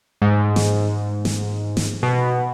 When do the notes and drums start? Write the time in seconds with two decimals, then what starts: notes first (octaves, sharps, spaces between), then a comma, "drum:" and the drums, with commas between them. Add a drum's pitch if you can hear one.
0.22 G#2
0.56 drum: snare
1.25 drum: snare
1.77 drum: snare
2.03 B2